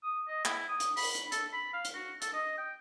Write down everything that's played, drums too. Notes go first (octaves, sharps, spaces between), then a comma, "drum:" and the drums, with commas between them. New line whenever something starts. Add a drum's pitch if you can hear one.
D#6
D#5
E4, drum: clap
D#6
drum: hi-hat
B5, drum: open hi-hat
drum: hi-hat
A4, drum: hi-hat
B5
F5
drum: hi-hat
F#4
A4, drum: hi-hat
D#5
G5